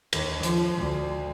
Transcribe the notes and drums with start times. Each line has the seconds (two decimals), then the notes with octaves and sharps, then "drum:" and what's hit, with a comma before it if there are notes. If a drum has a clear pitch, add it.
0.13 D#2, drum: cymbal
0.43 F3, drum: hi-hat
0.78 D2